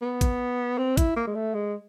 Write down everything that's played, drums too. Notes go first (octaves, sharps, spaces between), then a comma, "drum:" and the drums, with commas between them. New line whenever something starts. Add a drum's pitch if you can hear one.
B3
drum: kick A1, hi-hat
C4
E4, drum: kick A1, hi-hat
A#3
G#3
A3
G#3